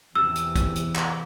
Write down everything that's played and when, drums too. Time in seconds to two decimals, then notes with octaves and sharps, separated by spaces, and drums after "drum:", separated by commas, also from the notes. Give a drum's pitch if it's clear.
0.16 E2 C3 E3 E6
0.36 drum: hi-hat
0.56 drum: kick, hi-hat
0.76 drum: hi-hat
0.96 drum: clap